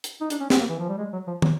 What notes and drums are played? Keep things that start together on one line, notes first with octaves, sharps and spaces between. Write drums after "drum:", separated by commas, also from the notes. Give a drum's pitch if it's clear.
drum: hi-hat
D#4
D4, drum: hi-hat
C#4
B3, drum: snare
A#3
E3
F3
G3
G#3
F#3
F3
F#3, drum: tom